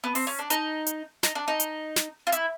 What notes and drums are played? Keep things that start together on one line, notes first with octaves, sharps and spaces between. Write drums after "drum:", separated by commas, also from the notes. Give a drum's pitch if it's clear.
B3
C4, drum: open hi-hat
C#4
D4
D#4, drum: hi-hat
drum: hi-hat
D#4, drum: snare
D4
D#4
drum: hi-hat
drum: snare
F4
E4, drum: hi-hat